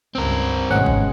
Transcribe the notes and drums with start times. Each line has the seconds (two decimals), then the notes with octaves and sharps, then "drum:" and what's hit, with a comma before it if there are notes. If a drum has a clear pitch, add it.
0.15 C#2 G2 C4 A#4
0.70 G#1 B2 G#3 C#4 F#5
0.86 drum: kick G#1